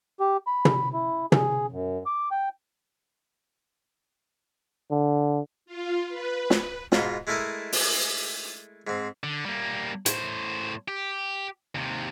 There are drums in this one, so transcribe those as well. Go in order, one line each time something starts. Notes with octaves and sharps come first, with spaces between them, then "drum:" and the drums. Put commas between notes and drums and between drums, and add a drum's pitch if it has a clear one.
G4
B5
drum: tom
E4
G#4, drum: tom
F#2
D6
G5
D3
F4
B4
drum: snare
G#2 B2 F4 A#5, drum: snare
G#3 A3 E4 A4 A#4 D#5
drum: open hi-hat
G#2 C4
D3
G3 A#3
A2 C5, drum: hi-hat
G4
D#2 C3